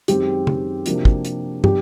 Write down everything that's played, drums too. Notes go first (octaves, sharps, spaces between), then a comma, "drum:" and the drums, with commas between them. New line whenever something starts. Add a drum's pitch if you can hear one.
F#2 D#3 G#3 C4 G4, drum: hi-hat
drum: tom
C3 F3 A#3 D4 F#4, drum: hi-hat
drum: kick
drum: hi-hat
F#3 B3 D4 G4, drum: tom